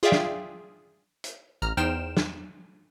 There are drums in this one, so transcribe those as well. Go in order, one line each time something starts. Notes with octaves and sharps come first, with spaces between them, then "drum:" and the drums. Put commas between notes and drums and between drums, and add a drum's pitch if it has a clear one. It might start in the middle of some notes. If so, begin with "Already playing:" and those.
F4 G#4 D5 E5 F5 G5
drum: snare
drum: hi-hat
A1 A#5 F6
E2 D#4 C5 G5 F6 E7
drum: snare